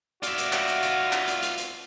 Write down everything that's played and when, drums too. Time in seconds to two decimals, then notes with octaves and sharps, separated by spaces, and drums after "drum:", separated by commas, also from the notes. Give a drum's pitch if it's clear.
0.23 F4 F#4 D5 E5, drum: hi-hat
0.38 drum: hi-hat
0.53 drum: clap
0.68 drum: hi-hat
0.83 drum: hi-hat
1.13 drum: clap
1.28 drum: hi-hat
1.42 drum: hi-hat
1.57 drum: hi-hat